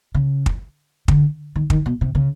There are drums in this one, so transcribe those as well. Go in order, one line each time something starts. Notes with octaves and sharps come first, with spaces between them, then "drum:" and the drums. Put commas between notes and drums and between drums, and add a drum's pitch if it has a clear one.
C#3
drum: kick
D3, drum: kick
D#3
D#3, drum: kick
B2
C3
C#3